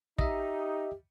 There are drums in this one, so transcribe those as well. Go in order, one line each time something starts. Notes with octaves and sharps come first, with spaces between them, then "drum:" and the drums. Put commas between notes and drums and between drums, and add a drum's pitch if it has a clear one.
D#4 G4 D#5 E5, drum: kick